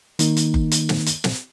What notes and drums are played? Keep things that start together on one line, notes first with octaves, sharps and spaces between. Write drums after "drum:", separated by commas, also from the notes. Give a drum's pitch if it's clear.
D#3 A#3 D#4, drum: hi-hat
drum: hi-hat
drum: kick F#1
drum: hi-hat
drum: snare
drum: hi-hat
drum: snare